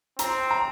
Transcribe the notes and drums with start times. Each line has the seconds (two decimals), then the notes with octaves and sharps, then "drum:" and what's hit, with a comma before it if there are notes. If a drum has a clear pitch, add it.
0.19 C4 A#5, drum: hi-hat
0.51 A#5